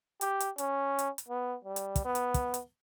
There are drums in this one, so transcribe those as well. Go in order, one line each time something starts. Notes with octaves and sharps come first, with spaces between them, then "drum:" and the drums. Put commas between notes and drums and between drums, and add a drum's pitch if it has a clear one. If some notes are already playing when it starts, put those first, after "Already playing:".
G4, drum: hi-hat
drum: hi-hat
C#4, drum: hi-hat
drum: hi-hat
drum: hi-hat
B3
G3
drum: hi-hat
drum: kick, hi-hat
B3
drum: hi-hat
drum: kick, hi-hat
drum: hi-hat